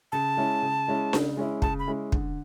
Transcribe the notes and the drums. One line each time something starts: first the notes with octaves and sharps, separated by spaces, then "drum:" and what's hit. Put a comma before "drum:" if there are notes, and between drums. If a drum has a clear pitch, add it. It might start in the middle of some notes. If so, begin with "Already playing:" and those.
C#3 A5
G#3 C#4 E4
C#3
G#3 C#4 E4
C#3, drum: snare D4
G#3 C#4 E4
C#3 A5, drum: kick
B5
G#3 C#4 E4
D3, drum: kick